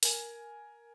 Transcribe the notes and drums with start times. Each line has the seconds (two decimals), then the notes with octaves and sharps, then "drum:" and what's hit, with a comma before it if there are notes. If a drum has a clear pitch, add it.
0.03 A#4 G#5, drum: hi-hat